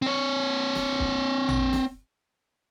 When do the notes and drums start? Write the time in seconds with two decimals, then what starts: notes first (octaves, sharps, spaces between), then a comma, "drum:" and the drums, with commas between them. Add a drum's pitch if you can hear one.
0.02 C4 C#5
0.75 drum: snare
1.00 drum: kick
1.48 drum: tom A1
1.73 drum: snare